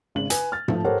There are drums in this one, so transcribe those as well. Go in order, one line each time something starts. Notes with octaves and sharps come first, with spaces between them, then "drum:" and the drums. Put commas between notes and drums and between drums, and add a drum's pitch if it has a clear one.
G#1 C#3 F#7
B4 G#5, drum: hi-hat
F6 A6
F3 A3 F4, drum: tom G#2
G4 A4 A#4 C5 C#5 F#5